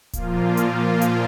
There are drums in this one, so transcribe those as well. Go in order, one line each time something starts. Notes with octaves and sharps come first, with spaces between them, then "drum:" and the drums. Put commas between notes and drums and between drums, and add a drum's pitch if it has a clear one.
A#2 F3 A#3 F4, drum: kick D1, hi-hat
drum: hi-hat
drum: hi-hat